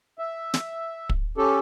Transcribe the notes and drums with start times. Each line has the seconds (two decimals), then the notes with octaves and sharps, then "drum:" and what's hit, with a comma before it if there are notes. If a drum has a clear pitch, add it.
0.19 E5
0.54 drum: snare
1.09 drum: kick
1.37 C#4 G4 A4